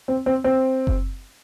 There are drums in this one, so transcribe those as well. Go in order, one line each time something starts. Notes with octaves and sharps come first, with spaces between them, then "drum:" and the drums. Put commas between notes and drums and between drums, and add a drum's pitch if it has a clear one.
C4
C4
C4
drum: kick F#1